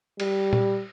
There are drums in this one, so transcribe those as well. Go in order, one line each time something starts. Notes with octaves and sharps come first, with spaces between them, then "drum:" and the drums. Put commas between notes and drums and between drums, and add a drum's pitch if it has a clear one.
G3, drum: cymbal
drum: tom A#2